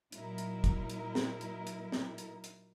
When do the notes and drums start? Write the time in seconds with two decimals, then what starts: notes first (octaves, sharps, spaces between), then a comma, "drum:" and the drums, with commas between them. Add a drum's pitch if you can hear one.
0.12 A#2 F#3 D#4 E4 A#4, drum: hi-hat
0.38 drum: hi-hat
0.64 drum: kick, hi-hat
0.90 drum: hi-hat
1.15 drum: snare
1.41 drum: hi-hat
1.67 drum: hi-hat
1.92 drum: snare
2.18 drum: hi-hat
2.44 drum: hi-hat